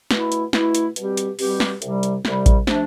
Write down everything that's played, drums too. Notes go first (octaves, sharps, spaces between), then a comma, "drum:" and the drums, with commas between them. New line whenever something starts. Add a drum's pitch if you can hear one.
B2 A3 E4, drum: snare
drum: hi-hat
B2 A3 E4, drum: snare
drum: hi-hat
B2 G3 C4 G4, drum: hi-hat
drum: hi-hat
B2 G3 C4 G4, drum: open hi-hat
drum: snare
C2 C3 G3, drum: hi-hat
drum: hi-hat
C2 C3 G3, drum: snare
drum: kick A1, hi-hat
C3 F3 A3 D4, drum: snare